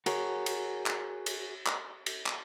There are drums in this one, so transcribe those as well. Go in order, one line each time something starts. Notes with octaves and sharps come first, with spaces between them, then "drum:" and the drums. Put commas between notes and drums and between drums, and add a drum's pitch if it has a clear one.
F#4 G#4 A#4 C#5, drum: cymbal
drum: cymbal
drum: clap
drum: cymbal
drum: clap
drum: cymbal
drum: clap